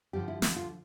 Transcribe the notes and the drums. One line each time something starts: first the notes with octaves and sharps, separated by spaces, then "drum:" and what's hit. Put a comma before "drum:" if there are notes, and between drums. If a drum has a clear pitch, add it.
G2 D3 F3 G4
E4
D2 D3 F3 E4, drum: snare
F4